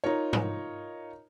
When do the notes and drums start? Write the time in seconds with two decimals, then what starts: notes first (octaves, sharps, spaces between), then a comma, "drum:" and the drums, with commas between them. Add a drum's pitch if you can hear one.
0.04 D#4 F4 A#4 C#5
0.33 drum: tom G#2